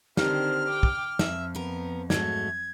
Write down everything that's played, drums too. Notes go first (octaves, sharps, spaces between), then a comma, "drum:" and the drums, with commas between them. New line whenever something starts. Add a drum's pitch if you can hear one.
D3 D#3 C4 G4 A#4 C5 F6, drum: snare
G5 D6
drum: kick
F2 E5, drum: snare
B3 A#4
G#2 F#3 A3 G#6, drum: snare